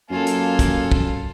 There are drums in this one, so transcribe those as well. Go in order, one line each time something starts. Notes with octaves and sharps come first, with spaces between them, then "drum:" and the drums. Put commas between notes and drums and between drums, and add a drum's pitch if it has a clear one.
F#2 A#3 F4 A4 G#5
drum: hi-hat
drum: kick, hi-hat
drum: kick